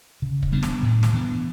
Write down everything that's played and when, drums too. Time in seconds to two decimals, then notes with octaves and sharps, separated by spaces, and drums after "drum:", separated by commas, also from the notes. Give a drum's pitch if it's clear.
0.22 C#3
0.43 drum: kick
0.52 G3 B3 D4
0.63 drum: snare
0.83 A2
1.03 drum: snare
1.13 E3 B3 D4